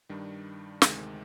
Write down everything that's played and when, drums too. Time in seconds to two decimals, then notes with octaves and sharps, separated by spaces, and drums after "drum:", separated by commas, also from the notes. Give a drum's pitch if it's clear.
0.09 G2 D#3 G3 D4
0.82 D2 C3 D#3 G#3, drum: snare